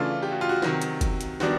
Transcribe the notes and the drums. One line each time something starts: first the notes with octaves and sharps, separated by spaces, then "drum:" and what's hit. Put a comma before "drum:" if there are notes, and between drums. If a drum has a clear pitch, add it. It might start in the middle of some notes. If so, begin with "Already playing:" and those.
Already playing: C#3 E3 A3 D4 F4
G4
F#4
F4
F#4
C3 D#3 F#3, drum: snare
drum: hi-hat
drum: kick, hi-hat
drum: hi-hat
D#3 G3 B3 D4 F#4, drum: snare